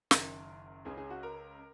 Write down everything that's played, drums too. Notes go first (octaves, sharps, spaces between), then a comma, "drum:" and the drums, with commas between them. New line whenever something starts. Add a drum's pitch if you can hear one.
F#1 F#2 D#3 A#4, drum: snare
C#2 C#3 G#4
G#4
F#4
A#4